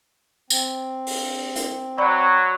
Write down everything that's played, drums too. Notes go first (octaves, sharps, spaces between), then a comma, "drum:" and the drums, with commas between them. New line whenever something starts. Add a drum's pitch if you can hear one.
C4, drum: tambourine
drum: open hi-hat
drum: hi-hat
F#3 D5 B5 C#6